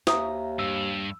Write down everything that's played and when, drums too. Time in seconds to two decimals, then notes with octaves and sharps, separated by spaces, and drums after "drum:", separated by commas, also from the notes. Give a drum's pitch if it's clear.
0.07 D#2 E5 A#5 D#6, drum: snare
0.59 G2 E6